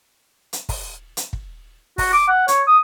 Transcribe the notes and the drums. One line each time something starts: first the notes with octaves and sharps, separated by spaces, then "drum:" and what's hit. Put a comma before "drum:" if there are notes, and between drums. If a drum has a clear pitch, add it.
drum: hi-hat
drum: kick, open hi-hat
drum: hi-hat
drum: kick
F#4, drum: kick, open hi-hat
D6
F#5
C#5, drum: hi-hat
D#6